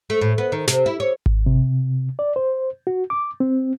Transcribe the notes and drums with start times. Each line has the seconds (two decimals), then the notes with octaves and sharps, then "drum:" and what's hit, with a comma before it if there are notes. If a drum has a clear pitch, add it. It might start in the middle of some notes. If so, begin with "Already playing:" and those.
0.10 A3
0.21 A2
0.38 B3
0.52 D#3
0.68 C3, drum: snare
0.86 E4
1.00 C#5
1.26 drum: kick G#1
1.46 C3
2.19 D5
2.36 C5
2.87 F#4
3.10 D6
3.40 C4